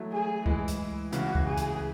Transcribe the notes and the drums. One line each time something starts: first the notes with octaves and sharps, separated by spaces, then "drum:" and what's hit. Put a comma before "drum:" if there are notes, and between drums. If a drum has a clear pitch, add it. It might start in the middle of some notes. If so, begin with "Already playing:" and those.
Already playing: E3 F#3 G#3 A3
G#4
E3 G#3 E4, drum: kick C#2
drum: hi-hat
E4
C#3 E3 F#4, drum: hi-hat
drum: kick C#2
G#4
drum: hi-hat